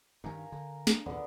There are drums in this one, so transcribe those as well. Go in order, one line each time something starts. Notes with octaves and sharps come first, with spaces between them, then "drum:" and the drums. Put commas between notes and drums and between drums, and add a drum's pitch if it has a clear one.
G2 D#3 A#4 F5 G#5
D3
D4, drum: snare
D#2 A#2 D3 B3 D4